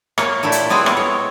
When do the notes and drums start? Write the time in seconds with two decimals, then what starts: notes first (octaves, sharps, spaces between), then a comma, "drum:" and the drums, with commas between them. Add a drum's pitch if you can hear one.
0.18 A#3 C#5, drum: rim click
0.43 A#2 A3 E4 G4
0.52 drum: hi-hat
0.70 G#3 B3 C4 E4 G#4
0.86 drum: rim click
0.97 C#5